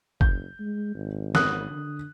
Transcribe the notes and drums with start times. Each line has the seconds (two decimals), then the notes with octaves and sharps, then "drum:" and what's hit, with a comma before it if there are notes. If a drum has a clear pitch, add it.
0.21 F#1 G6, drum: kick G1
0.59 G#3
0.95 G#1
1.35 D#6 F#6, drum: snare
1.70 D3